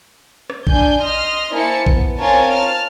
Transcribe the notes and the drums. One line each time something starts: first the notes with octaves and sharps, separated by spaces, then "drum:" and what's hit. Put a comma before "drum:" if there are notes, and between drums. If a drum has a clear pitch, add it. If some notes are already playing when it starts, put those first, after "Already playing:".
drum: rim click
D4 G#5 G6, drum: kick A#1
D#5 C6 F6 A#6
A#3 E4 C5 G#5 A5 C#7
B3, drum: kick A#1
C4 F4 A#4 C#5 G#5 A5
A5 F6